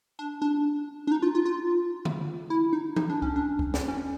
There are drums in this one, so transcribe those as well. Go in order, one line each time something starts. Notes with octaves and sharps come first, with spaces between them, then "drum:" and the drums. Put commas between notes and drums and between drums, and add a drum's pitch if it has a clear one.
D4
D4
D4
D#4
F4
F4
F4
drum: tom D3
E4
D#4
D#4, drum: tom E3
D4
C#4, drum: kick C#2
D4
drum: kick C#2
drum: snare
C#4